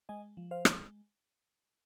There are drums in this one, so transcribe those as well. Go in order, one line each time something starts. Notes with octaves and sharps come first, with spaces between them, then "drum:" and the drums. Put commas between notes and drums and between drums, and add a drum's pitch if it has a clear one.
G#3 D#5 G#5
F3
C5 F5
G#3, drum: rim click